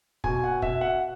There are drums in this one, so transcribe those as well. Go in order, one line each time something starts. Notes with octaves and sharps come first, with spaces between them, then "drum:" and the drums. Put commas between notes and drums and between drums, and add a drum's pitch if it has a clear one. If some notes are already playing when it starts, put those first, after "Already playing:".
B2 G#5, drum: kick
F#5
B2 E5, drum: kick
F#5